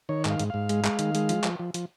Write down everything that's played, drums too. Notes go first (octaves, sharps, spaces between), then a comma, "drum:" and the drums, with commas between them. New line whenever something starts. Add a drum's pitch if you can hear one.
D#3 C#5
G#2 F5, drum: clap
G#2, drum: hi-hat
G#2 F5
G#3, drum: hi-hat
G#3, drum: clap
D#3, drum: hi-hat
G#3, drum: hi-hat
F3, drum: hi-hat
F3, drum: clap
F3
F3, drum: hi-hat